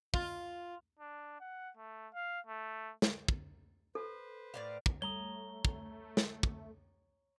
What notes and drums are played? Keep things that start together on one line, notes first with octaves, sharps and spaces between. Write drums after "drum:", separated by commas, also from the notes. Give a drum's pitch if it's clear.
F4, drum: kick
D4
F#5
A3
F5
A3
drum: snare
drum: kick
A4 B4 C5
A2 D5 F5
drum: kick
G3 A3 C#5 A#5 D#6 G7
drum: kick
drum: snare
drum: kick